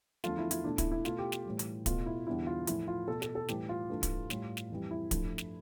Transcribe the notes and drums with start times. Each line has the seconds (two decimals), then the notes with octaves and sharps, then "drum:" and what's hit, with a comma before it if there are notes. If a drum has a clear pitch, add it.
0.24 E2 D3 F3 A3 F4, drum: snare
0.38 E4
0.51 E4, drum: hi-hat
0.64 B2 A3 D4
0.78 E4, drum: kick, hi-hat
0.91 E4
1.05 B2 A3 F4, drum: snare
1.18 G4
1.32 drum: snare
1.45 A2 E3 G3
1.59 drum: hi-hat
1.86 B2 A3 F4, drum: kick, hi-hat
2.06 E4
2.27 E2 D3 G3 E4
2.47 F4
2.67 A2 F3 A3 E4, drum: hi-hat
2.88 F4
3.08 B2 A3 A4
3.22 A4, drum: snare
3.35 A4
3.48 A2 E3 G3 G4, drum: snare
3.69 F4
3.90 G2 E3 A3
4.03 drum: kick, hi-hat
4.30 A2 G3, drum: snare
4.57 drum: snare
4.70 F2 E3 G3
4.91 E4
5.11 G2 F3 A3, drum: kick, hi-hat
5.38 drum: snare